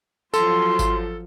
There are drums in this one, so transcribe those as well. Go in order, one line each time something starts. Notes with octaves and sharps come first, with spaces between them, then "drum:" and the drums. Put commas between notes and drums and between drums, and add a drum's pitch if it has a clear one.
F3 F#3 F4 A4 C6, drum: tambourine
drum: kick G#1, tambourine